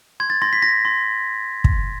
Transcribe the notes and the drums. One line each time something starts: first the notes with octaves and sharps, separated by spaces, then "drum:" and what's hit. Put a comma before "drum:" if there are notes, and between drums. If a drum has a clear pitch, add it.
C6 G#6
A6
C6 A#6
B6
C6 A#6
C6
drum: kick